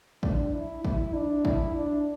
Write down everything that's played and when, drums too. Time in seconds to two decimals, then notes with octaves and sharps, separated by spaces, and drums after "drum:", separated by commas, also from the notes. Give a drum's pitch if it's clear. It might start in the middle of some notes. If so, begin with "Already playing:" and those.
0.23 D4, drum: kick A1
0.54 E4
0.85 E4, drum: kick A1
1.14 D4
1.45 E4, drum: kick A1
1.75 D4